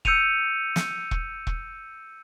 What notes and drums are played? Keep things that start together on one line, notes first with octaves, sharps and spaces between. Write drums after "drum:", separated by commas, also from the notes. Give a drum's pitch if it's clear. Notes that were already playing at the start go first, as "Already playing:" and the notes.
E6 G6 C#7 D#7 F7, drum: kick E1
drum: snare
drum: kick E1
drum: kick E1